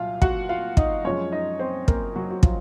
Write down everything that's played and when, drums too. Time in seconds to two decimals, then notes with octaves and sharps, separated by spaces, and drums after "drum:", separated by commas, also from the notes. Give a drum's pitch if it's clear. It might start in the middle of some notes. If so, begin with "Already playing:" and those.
Already playing: C2 A#2 F#3 F4 F5
0.22 F#4 F#5, drum: kick
0.49 F4 F5
0.77 D#4 D#5, drum: kick
1.05 F#2 F3 G#3 C#4 C#5
1.32 D#4 D#5
1.59 C4 C5
1.88 A#3 A#4, drum: kick
2.16 F#3 F#4
2.31 F#4
2.43 F3 F4, drum: kick